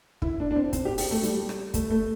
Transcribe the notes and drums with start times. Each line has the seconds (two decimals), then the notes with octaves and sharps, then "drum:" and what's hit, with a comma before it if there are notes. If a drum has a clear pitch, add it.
0.22 E4, drum: kick
0.40 D4
0.51 D4
0.56 C4
0.73 C4, drum: kick, hi-hat
0.85 G4
0.98 G4, drum: open hi-hat
1.11 A3
1.23 G3, drum: hi-hat
1.49 drum: rim click
1.74 A3, drum: kick, hi-hat
1.91 A3